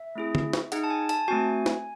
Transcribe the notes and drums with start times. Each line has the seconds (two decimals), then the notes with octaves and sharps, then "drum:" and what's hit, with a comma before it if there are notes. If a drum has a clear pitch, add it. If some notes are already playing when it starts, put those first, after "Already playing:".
Already playing: E5
0.15 A3 C4 E4 G#4
0.35 drum: tom
0.53 drum: snare
0.72 D#4 G#4 F#5, drum: hi-hat
0.84 A5
0.90 G#5
1.09 A5, drum: hi-hat
1.28 A3 C4 F#4 G#5
1.66 drum: snare